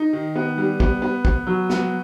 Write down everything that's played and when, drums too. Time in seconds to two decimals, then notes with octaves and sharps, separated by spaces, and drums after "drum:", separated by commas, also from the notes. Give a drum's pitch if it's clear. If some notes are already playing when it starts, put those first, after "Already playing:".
Already playing: D#4
0.13 D#3
0.36 B3
0.58 G3
0.80 B3, drum: kick
1.02 B3
1.25 B3, drum: kick
1.47 F#3
1.69 B3, drum: snare